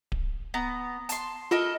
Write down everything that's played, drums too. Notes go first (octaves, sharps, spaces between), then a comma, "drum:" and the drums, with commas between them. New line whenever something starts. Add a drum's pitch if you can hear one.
drum: kick D1
B3 A#5
A5 C6, drum: hi-hat
F4 A4 A#4 D#5